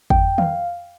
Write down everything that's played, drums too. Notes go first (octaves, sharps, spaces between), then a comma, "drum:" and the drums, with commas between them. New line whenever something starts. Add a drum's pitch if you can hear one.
F2 G5, drum: kick
F5, drum: tom D#3